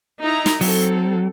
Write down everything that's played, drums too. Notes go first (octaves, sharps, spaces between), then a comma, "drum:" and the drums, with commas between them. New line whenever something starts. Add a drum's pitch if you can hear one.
D#4 E4 A#5
drum: snare
F#3 C4 A4, drum: open hi-hat